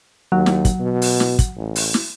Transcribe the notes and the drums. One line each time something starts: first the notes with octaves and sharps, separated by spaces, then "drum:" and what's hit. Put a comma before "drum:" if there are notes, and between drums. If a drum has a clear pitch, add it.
D#2 F#3
drum: snare
drum: kick, hi-hat
B2
drum: open hi-hat
drum: snare
drum: kick, hi-hat
A1
drum: open hi-hat
drum: snare